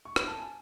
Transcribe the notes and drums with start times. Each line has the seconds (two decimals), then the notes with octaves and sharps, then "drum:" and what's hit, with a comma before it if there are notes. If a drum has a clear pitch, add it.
0.05 C#6
0.16 B5, drum: rim click
0.28 A5
0.38 G#5